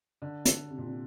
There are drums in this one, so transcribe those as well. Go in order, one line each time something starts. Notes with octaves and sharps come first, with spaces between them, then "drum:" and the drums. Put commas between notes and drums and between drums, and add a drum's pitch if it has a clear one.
D3
D3, drum: hi-hat
C3
A#2
C3